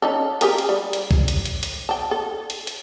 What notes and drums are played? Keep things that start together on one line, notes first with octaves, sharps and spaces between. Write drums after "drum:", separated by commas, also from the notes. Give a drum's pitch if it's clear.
C#4 D#4 A4
G4 G#4 A#4, drum: hi-hat
drum: hi-hat
G3
drum: hi-hat
drum: kick B1
drum: hi-hat
drum: hi-hat
drum: hi-hat
G5 A5
A4
drum: hi-hat
drum: hi-hat